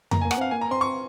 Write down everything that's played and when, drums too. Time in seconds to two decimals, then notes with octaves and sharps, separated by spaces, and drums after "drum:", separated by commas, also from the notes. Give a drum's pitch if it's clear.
0.11 A#3 A#5, drum: tom F2
0.21 A#3 G#5
0.31 F#5, drum: rim click
0.38 C4 F5
0.51 A#3 G#5
0.61 A#5
0.71 C4 C6
0.81 C#6